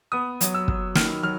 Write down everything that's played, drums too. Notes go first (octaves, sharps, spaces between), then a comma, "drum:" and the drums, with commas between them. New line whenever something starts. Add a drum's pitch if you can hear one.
B3 D#6
F#3, drum: hi-hat
E6
F#3, drum: kick
D#3 F6, drum: snare
F#3 F6